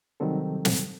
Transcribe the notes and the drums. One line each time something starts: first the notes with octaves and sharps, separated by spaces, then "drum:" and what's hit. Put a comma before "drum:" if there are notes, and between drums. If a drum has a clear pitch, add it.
C3 D#3 F#3 G3 C4 A4
drum: snare